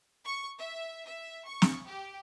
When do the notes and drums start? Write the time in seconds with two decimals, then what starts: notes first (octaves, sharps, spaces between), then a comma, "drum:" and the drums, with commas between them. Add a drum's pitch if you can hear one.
0.25 C#6
0.59 E5
1.07 E5
1.47 C#6
1.62 drum: snare
1.88 G4